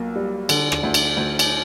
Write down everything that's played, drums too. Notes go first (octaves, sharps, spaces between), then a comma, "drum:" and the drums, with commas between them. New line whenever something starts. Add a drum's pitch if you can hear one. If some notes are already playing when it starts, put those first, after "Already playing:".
Already playing: B1 A#3
G3
D3, drum: cymbal
drum: rim click
D2
drum: cymbal
D2
drum: cymbal